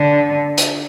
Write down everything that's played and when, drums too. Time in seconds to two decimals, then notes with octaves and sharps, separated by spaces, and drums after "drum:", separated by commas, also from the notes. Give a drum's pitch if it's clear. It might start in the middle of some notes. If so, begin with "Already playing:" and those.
Already playing: D3
0.58 drum: hi-hat